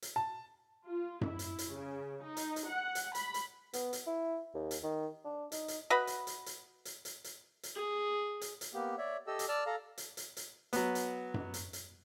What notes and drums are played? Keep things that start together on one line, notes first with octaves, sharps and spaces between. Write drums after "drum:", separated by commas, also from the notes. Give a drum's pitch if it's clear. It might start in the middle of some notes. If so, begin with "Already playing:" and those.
drum: hi-hat
A5
F4
E4, drum: tom F#2
drum: hi-hat
drum: hi-hat
C#3
D#4
drum: hi-hat
drum: hi-hat
F#5
drum: hi-hat
B5, drum: hi-hat
drum: hi-hat
B3, drum: hi-hat
drum: hi-hat
E4
D#2
drum: hi-hat
D#3
D4
D#4, drum: hi-hat
drum: hi-hat
F#4 B4 D#5 B5
drum: hi-hat
drum: hi-hat
drum: hi-hat
drum: hi-hat
drum: hi-hat
drum: hi-hat
drum: hi-hat
G#4
drum: hi-hat
drum: hi-hat
A#3 B3 G4
C#5 D5 E5
G4 A4 D#5 E6
drum: hi-hat
D5 A5 E6 F6
A4 F5 A#5
drum: hi-hat
drum: hi-hat
drum: hi-hat
F#3 B3, drum: hi-hat
drum: hi-hat
drum: tom F#2
drum: hi-hat
drum: hi-hat